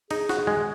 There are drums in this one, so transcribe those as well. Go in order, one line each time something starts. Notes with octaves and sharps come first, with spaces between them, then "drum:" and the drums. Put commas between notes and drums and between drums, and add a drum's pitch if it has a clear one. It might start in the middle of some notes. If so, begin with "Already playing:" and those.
D#4 G#4, drum: cymbal
F#4, drum: snare
G#3